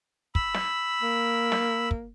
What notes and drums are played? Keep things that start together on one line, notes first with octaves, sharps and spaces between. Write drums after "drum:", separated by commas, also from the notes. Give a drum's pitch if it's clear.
B5 E6, drum: kick
drum: snare
A#3
drum: snare
drum: kick